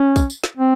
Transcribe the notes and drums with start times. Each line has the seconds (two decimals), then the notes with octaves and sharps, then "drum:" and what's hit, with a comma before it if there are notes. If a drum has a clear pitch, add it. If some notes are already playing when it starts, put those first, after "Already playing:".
Already playing: C#4
0.16 drum: kick, tambourine
0.30 drum: tambourine
0.44 drum: snare
0.57 C4